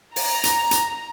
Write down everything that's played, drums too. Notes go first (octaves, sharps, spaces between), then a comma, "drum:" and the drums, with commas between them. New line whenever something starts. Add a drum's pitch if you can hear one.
A#5, drum: open hi-hat
drum: hi-hat
drum: hi-hat